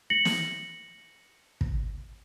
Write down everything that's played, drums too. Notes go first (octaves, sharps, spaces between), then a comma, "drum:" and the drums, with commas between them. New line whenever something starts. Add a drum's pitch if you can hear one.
A#6 C#7 F#7
drum: snare
drum: kick